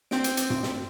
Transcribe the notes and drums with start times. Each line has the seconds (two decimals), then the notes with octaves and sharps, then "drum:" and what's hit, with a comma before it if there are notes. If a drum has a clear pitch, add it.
0.11 C4 D7, drum: snare
0.24 drum: hi-hat
0.37 drum: hi-hat
0.50 drum: tom G2
0.63 drum: snare